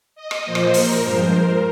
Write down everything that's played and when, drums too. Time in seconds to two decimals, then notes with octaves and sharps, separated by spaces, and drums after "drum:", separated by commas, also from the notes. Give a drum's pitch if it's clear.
0.15 D#5
0.31 drum: rim click
0.44 A#2 F3 A#3 C5
0.55 drum: rim click
0.74 A#4, drum: open hi-hat
1.02 G2 F3 G#3 C5
1.31 A#4